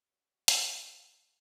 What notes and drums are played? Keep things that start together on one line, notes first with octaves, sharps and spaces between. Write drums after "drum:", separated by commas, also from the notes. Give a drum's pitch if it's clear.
G3 A3 B3 C#4 F#4 G4
drum: hi-hat